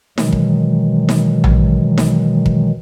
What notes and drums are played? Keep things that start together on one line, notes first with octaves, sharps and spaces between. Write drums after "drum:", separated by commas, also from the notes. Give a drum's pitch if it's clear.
B2 D#3 E3 F#3 G#3, drum: snare D#4
drum: kick
drum: snare D#4
drum: tom A#1
drum: snare D#4
drum: kick